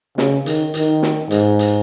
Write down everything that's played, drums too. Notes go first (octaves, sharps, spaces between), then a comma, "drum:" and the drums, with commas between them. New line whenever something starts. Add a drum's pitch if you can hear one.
C#3, drum: snare
D#3, drum: hi-hat
D#3, drum: hi-hat
drum: snare
G#2, drum: hi-hat
drum: hi-hat